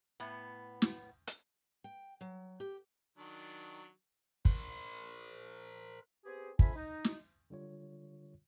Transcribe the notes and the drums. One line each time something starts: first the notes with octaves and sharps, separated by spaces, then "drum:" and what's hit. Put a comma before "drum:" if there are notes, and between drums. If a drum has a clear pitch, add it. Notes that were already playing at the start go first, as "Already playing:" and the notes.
A2 B3
drum: snare
drum: hi-hat
G5
F#3
G4
D#3 F#3 D4
A#4 C5, drum: kick
B3 C4 G4 G#4
D3 C4 F4 E5 G#5 B5, drum: kick
D#4
drum: snare
D3 G3 F4 C#5